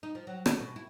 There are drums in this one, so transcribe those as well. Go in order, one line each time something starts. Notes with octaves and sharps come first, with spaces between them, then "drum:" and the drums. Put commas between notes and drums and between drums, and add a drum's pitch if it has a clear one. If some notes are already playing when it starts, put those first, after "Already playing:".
D#4
F3
F#3
A4, drum: rim click
B2
E4